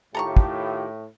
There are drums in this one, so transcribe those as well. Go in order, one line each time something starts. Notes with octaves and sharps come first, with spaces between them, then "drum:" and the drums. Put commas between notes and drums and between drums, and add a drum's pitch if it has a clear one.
A2 D#3 F4 G4 A4 A#5 C#6
drum: kick